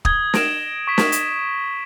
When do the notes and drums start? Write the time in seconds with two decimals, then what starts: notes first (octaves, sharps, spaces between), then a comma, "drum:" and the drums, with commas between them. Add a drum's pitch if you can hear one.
0.05 D#6 G#6 G7, drum: kick
0.34 A#6 D7 E7, drum: snare
0.87 C#6 B6
0.98 drum: snare
1.12 drum: hi-hat